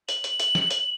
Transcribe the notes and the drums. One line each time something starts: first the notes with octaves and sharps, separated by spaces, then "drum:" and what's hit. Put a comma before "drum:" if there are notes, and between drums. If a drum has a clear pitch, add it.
F#7, drum: hi-hat
drum: hi-hat
drum: hi-hat
drum: snare
drum: hi-hat